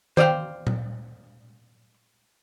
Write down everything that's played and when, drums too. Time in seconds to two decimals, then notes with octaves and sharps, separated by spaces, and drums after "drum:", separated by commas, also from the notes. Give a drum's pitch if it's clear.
0.17 C5 D5 D#5 F5 G5, drum: tom D#3
0.67 drum: tom A#2